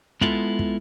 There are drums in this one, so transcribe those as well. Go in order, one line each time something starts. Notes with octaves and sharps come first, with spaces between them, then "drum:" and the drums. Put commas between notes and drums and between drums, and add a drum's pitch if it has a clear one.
G#3 B3 E4 F4 A4, drum: kick
drum: kick